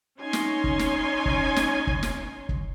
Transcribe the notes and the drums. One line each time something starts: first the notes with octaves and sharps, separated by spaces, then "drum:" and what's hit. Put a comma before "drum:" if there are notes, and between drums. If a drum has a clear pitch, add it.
C#4 D#4 C#5 G#5 C6
drum: snare
drum: kick
drum: snare
drum: kick
drum: snare
drum: kick
drum: snare
drum: kick